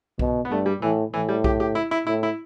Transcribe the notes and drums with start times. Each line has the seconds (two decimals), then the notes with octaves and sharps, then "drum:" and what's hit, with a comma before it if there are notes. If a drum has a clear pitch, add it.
0.19 B2, drum: kick B1
0.45 B3
0.51 G2 A3
0.66 G3
0.82 A2 E3
1.13 A2 E3
1.29 G3
1.44 G4, drum: kick B1
1.60 G4
1.75 E4
1.91 E4
2.07 A2 E4
2.23 E4